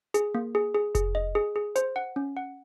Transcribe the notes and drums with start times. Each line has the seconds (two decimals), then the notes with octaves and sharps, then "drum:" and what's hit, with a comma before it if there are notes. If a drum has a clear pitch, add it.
0.14 G#4, drum: hi-hat
0.35 A#3
0.55 G#4
0.75 G#4
0.95 G#4, drum: kick F1, hi-hat
1.15 D#5
1.35 G#4
1.56 G#4
1.76 C5, drum: hi-hat
1.96 F#5
2.16 C#4
2.37 F#5